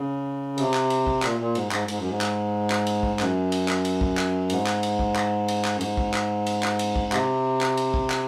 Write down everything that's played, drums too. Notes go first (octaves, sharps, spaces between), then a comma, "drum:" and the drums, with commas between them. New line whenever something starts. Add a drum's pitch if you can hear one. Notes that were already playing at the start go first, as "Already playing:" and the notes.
Already playing: C#3
C3, drum: cymbal
drum: clap
drum: cymbal
drum: kick
A#2, drum: clap
A#2
G#2, drum: cymbal
G#2, drum: clap
G#2, drum: cymbal
F#2
G#2
drum: clap
drum: clap
drum: cymbal
drum: kick
F#2, drum: clap
drum: cymbal
drum: clap
drum: cymbal
drum: kick
drum: clap
G#2, drum: cymbal
drum: clap
drum: cymbal
drum: kick
drum: clap
drum: cymbal
drum: clap
F#2
G#2, drum: cymbal
drum: kick
drum: clap
drum: cymbal
drum: clap
drum: cymbal
drum: kick
C3, drum: clap
drum: clap
drum: cymbal
drum: kick
drum: clap